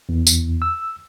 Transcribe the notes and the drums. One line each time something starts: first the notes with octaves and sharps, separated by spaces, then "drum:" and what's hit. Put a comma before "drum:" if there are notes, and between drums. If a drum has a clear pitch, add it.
E2
drum: tambourine
E6